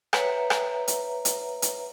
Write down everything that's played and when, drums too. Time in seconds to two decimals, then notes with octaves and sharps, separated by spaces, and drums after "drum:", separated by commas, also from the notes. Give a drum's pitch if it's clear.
0.13 B4 C#5 E5 F#5 A#5, drum: rim click
0.50 drum: rim click
0.88 drum: hi-hat
1.25 drum: hi-hat
1.62 drum: hi-hat